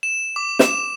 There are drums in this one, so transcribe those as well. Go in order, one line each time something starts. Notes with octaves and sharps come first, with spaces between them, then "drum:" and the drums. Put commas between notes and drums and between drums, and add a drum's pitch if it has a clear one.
E7
D6
E7, drum: snare